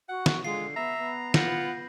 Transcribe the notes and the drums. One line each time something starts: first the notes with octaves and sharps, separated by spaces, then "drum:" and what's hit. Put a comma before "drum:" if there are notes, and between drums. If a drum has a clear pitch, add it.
F#4 F#5
drum: snare
D3 G#3 F4 C7
B3 E5 A#5
B3
F4 F#5 G6 A#6, drum: snare